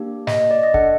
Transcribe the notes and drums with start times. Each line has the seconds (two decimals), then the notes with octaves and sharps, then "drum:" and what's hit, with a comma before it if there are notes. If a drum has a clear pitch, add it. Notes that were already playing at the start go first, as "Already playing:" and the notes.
Already playing: A#3 D4 G4
0.27 D#5, drum: snare
0.51 D5
0.63 D#5
0.74 D4 A4 F#5, drum: kick